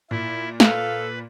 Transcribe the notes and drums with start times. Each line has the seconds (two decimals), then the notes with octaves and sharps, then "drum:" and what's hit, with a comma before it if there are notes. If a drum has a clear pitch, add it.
0.11 A#2 E4
0.60 A4 B4 F5, drum: snare